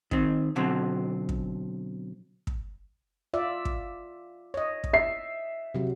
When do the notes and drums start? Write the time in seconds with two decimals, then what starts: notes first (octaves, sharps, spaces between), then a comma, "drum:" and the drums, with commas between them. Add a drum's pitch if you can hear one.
0.11 D#3 C4, drum: kick
0.56 B2 D3 F#3 C4
1.29 drum: kick
2.47 drum: kick
3.33 F4 D5 E5
3.65 drum: kick
4.54 C#5 D#5
4.84 drum: kick
4.93 E5 C7
5.74 C3 F#3